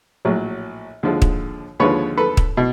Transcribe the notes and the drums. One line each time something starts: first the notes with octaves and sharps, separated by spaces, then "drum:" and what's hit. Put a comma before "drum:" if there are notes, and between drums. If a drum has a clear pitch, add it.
A#1 A2 F#3
D#2 D3 F3 G#3
drum: kick
D#2 D3 F3 G#3 B4 C#5
A4 B4
drum: kick
B2